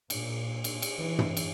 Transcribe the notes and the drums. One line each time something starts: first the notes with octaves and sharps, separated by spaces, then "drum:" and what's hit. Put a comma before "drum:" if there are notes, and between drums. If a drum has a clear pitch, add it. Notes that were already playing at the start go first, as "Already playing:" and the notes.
A#2, drum: cymbal
drum: cymbal
drum: cymbal
E3
drum: tom
drum: cymbal